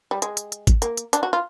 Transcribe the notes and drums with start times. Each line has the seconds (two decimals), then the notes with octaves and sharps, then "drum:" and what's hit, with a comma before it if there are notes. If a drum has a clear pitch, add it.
0.11 G3
0.22 G#3, drum: hi-hat
0.37 drum: hi-hat
0.52 drum: hi-hat
0.67 drum: kick G#1, hi-hat
0.82 A#3, drum: hi-hat
0.97 drum: hi-hat
1.13 D4, drum: hi-hat
1.23 F#4
1.33 F4